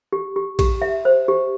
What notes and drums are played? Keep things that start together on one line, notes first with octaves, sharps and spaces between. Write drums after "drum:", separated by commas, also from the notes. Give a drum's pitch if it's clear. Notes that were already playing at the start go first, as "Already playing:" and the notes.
G4
G4
G4, drum: kick, cymbal
E5
C5
G4